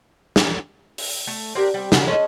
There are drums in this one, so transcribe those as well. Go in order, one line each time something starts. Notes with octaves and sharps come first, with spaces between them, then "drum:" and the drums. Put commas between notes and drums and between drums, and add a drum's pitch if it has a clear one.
drum: snare
drum: open hi-hat
A3
C4 D4 G4 A#4
G3 C4
C#3 F#4, drum: snare
G#3 C#4 D#5 A5